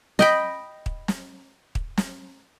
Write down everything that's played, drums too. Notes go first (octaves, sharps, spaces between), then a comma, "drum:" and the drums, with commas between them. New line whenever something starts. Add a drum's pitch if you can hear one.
D#5 G5 B5, drum: snare
drum: kick
drum: snare
drum: kick
drum: snare